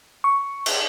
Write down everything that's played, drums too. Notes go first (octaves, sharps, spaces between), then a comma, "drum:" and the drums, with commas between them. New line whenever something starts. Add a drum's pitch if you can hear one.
C#6
drum: cymbal